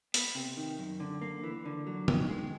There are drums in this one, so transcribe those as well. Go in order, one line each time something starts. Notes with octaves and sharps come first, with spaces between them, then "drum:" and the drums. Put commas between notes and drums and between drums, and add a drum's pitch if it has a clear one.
B3, drum: hi-hat
C3
D#3
F#2
D3
A#3
E3
D3
F#3
D#3, drum: tom
G#3